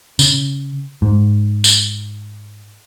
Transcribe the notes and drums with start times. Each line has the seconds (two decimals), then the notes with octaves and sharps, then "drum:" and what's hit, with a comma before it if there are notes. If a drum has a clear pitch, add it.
0.19 C#3, drum: tambourine
1.02 G#2
1.64 drum: tambourine